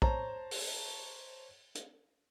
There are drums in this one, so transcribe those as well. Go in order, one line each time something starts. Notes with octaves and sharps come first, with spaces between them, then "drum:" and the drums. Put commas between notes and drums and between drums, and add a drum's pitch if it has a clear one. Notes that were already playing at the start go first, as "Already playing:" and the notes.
C5 C#5 A5 A#5, drum: kick A#1
drum: open hi-hat
drum: hi-hat